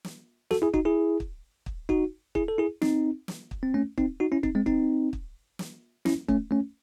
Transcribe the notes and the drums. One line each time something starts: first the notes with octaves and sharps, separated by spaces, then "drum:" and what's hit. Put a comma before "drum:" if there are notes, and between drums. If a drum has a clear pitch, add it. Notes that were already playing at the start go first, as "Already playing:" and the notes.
drum: snare
F#4 A4, drum: snare
E4 G#4
D#4 F#4, drum: kick
E4 G#4
drum: kick
drum: kick
D#4 F#4, drum: kick
E4 G#4, drum: kick
A4
E4 G#4
C4 D#4, drum: snare
drum: snare
drum: kick
C4
A3 C#4
C4 D#4, drum: kick
D#4 F#4
C#4 E4
C4 D#4, drum: kick
G#3 C4
C4 D#4, drum: kick
drum: kick
drum: snare
C#4 E4, drum: snare
A3 C#4, drum: kick
A3 C#4